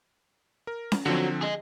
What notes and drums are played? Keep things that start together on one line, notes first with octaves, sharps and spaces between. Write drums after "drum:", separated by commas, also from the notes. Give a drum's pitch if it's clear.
A#4
drum: snare C#4
D3 F3 F#3 C4
G#4 D#5